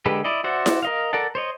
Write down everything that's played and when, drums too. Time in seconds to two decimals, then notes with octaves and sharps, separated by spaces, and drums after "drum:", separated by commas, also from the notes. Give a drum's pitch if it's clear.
0.06 D3 G#3 G4 A4 B4
0.24 E4 D5 D#5
0.44 F#4 C5 D5 E5 F#5
0.66 drum: snare E4
0.83 A#4 D#5 F5
1.13 A4 A#4 D5 F#5 A5
1.35 C5 C#5 D#5